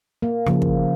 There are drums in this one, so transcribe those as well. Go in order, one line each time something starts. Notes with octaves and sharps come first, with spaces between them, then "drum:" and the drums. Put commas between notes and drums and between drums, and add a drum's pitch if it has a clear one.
A#3
C#3 F3 A#3, drum: rim click
drum: kick